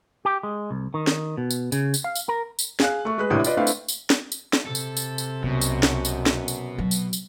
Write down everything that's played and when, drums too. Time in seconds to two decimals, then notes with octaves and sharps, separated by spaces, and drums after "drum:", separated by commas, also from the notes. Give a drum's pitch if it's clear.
0.25 G4
0.43 G#3
0.71 C2
0.94 D#3
1.07 drum: snare
1.37 B2
1.51 drum: tambourine
1.72 C#3, drum: tambourine
1.94 drum: tambourine
2.04 F5
2.15 drum: tambourine
2.29 A#4
2.59 drum: tambourine
2.80 G#4 F5 F#6, drum: snare
3.05 A3 C#6
3.18 G#3 B4 F#6
3.30 A1 A2 C3 D4 G4 D#6
3.44 F4 B4 D5 D#5, drum: tambourine
3.57 A3 C4 D4 E4 B4 F5
3.67 drum: tambourine
3.88 drum: tambourine
4.10 drum: snare
4.32 drum: tambourine
4.53 drum: snare
4.66 C3 A4
4.75 drum: tambourine
4.97 drum: tambourine
5.18 drum: tambourine
5.43 C2 F#2 B2
5.61 drum: tambourine
5.83 drum: snare
6.05 drum: tambourine
6.26 drum: snare
6.48 drum: tambourine
6.78 F#3
6.91 drum: tambourine
7.13 drum: tambourine